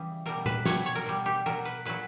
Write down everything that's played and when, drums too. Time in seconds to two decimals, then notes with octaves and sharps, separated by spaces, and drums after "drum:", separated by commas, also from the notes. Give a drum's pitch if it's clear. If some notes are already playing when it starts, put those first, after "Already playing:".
Already playing: C#3 E3 G3
0.26 B2 G3 A#4
0.46 B4, drum: tom A#2
0.65 B2 G3 C#5, drum: snare
0.86 C#5
0.95 A#4
1.06 B2 G3
1.26 G4
1.46 B2 F#3 A#4
1.65 B4
1.85 A#2 F#3 B4